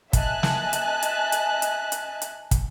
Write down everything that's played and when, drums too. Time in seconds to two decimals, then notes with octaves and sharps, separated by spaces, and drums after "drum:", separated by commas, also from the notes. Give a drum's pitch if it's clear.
0.13 D#5 E5 G#5 A5 F#6, drum: kick, hi-hat
0.43 drum: snare
0.73 drum: hi-hat
1.03 drum: hi-hat
1.32 drum: hi-hat
1.62 drum: hi-hat
1.92 drum: hi-hat
2.22 drum: hi-hat
2.51 drum: kick, hi-hat